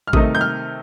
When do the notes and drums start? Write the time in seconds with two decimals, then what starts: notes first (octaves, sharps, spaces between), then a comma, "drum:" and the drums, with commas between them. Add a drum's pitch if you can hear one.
0.07 F6
0.13 C3 D#3 A3 D#4 D#6, drum: kick A1
0.35 G6
0.41 F6